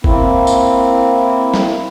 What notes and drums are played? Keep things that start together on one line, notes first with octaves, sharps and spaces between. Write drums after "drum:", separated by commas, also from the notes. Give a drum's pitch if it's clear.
A#3 C4 E4, drum: kick
drum: tambourine
drum: snare